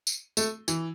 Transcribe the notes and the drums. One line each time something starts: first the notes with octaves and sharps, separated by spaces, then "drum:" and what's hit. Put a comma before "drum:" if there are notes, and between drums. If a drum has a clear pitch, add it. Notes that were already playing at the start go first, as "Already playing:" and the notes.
drum: tambourine
A3, drum: tambourine
E3, drum: tambourine